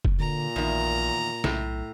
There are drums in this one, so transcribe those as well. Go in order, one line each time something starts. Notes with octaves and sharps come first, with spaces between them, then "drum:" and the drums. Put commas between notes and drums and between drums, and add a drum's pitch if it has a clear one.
drum: kick F1
A#2 D3 A#5
A#1 E2 D#3
B1 A2, drum: snare